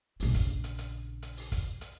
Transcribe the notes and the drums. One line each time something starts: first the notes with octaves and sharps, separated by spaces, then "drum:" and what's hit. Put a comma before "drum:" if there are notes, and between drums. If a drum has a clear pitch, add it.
A#1 C#3, drum: open hi-hat
drum: kick, hi-hat
drum: hi-hat
drum: hi-hat
drum: hi-hat
drum: open hi-hat
drum: kick, hi-hat
drum: hi-hat